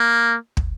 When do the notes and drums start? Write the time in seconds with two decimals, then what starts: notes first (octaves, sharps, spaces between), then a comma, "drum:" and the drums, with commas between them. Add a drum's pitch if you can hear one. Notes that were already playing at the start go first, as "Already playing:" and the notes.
Already playing: A#3
0.57 drum: kick